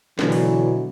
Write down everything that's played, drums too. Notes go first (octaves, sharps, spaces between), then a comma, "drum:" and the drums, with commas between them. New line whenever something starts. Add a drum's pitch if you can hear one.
B2 D3 E3 F#3, drum: snare
drum: open hi-hat